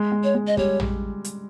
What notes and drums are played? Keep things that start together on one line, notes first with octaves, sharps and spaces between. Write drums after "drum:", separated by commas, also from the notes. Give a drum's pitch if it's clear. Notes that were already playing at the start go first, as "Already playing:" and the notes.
Already playing: G#3
G#3
C#5
G#3
D#5
G3 C#5, drum: kick
drum: tom
drum: hi-hat